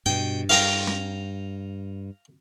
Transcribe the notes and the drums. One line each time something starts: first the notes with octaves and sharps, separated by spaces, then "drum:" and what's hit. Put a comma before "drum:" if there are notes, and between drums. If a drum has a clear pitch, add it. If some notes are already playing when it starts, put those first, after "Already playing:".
G2 B2 G5
G2 F5 G5 A#5, drum: open hi-hat
drum: snare